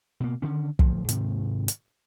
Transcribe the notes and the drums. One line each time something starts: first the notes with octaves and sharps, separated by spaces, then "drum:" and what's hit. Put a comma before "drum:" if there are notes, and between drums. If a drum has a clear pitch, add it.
B2 A#3
D3 D#3 C#4
D1 F3, drum: kick
G#2 C3 D#3, drum: hi-hat
drum: hi-hat